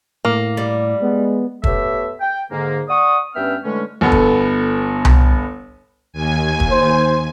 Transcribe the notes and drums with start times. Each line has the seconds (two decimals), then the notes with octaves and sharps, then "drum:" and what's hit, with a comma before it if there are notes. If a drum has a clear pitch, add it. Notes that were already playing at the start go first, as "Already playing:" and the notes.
0.25 A2 A#3
0.57 G3
1.02 G#3 B3
1.64 A3 B3 G4 C#5 E5, drum: kick
2.21 G5
2.51 G#2 D3 A#3
2.88 D5 F#5 C#6 D#6
3.35 G2 B3 C#4 E5 G5 F6
3.64 D3 E3 G#3 A3 C#4
4.01 G1 B3 A4
4.12 drum: kick
5.05 drum: tom C2
6.13 D#2 G#5
6.60 drum: kick
6.71 C5